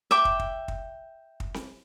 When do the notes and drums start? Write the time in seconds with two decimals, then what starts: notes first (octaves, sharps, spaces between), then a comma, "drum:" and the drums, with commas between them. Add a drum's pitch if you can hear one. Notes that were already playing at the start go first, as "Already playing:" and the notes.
0.11 E5 G5 D6
0.25 drum: kick
0.39 drum: kick
0.68 drum: kick
1.40 drum: kick
1.54 drum: snare C4